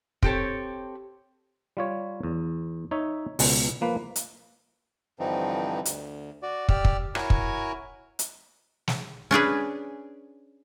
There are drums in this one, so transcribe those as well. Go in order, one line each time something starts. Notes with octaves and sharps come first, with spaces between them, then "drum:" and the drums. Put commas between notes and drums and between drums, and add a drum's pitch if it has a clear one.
C4 G4 A4 C#5, drum: kick
G3 F4 C#5
E2
D#4 C#5 E5
C#2 B2, drum: open hi-hat
F3 A#3 B4
drum: hi-hat
G2 D3 E3 F3 C4 D#4
D2, drum: hi-hat
F#4 D5
G4 D5 E6 F6, drum: kick
drum: kick
E4 F#4 A#4 C#5 G#5 C#6, drum: rim click
drum: kick
drum: hi-hat
drum: snare
C#4 D4 G#4 B4